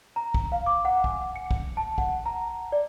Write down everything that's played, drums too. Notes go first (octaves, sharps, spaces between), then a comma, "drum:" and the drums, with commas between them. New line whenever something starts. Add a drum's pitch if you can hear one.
A#5
drum: kick
F5
D6
F#5
G#5, drum: kick
C#7
drum: kick
A5
F#5, drum: kick
A#5
D5